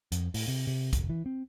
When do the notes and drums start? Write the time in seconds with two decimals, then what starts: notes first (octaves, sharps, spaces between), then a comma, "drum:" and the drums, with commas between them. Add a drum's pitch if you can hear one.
0.12 F2, drum: hi-hat
0.34 A2, drum: open hi-hat
0.48 C3
0.67 C3
0.93 F1, drum: kick, hi-hat
1.10 E3
1.26 C4